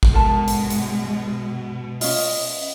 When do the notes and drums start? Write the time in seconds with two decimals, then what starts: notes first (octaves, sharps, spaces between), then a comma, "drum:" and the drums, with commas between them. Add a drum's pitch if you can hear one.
0.03 drum: kick A1
0.13 B2 G#3 A4 A#4 A5
0.48 drum: hi-hat
0.70 drum: hi-hat
2.01 C#4 F4 D#5, drum: open hi-hat